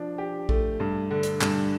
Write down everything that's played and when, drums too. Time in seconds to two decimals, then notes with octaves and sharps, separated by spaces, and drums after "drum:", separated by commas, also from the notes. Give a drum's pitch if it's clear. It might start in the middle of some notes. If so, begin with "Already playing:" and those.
Already playing: F3 D4
0.18 G4
0.49 A3, drum: kick A#1
0.80 G2
1.11 D3
1.23 drum: hi-hat
1.41 G2, drum: clap